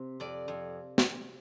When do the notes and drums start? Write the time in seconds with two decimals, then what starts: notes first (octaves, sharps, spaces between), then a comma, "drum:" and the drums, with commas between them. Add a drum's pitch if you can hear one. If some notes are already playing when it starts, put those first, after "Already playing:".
Already playing: C3
0.20 F2 D5
0.48 F2
0.98 drum: snare